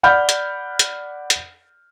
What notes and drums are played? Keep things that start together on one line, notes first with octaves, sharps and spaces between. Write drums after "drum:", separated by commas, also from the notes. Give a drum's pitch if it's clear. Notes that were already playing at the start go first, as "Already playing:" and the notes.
D5 F#5 B5 F6 G6
drum: hi-hat
drum: hi-hat
drum: hi-hat